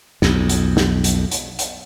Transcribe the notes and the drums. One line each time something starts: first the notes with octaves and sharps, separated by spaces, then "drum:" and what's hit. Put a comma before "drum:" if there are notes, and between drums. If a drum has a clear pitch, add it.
B1 F2, drum: snare
drum: hi-hat
drum: snare
drum: hi-hat
drum: hi-hat
drum: hi-hat